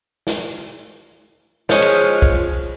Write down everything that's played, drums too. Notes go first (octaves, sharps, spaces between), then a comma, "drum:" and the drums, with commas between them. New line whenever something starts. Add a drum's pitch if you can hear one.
drum: snare
F3 G#3 C#4, drum: snare
drum: cymbal
drum: kick B1